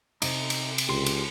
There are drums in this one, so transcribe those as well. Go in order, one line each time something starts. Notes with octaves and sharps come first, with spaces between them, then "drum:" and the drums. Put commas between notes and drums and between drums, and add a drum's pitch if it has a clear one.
C3 D#4 E5 G5, drum: cymbal
drum: cymbal
drum: cymbal
C#2 G4 C6
drum: cymbal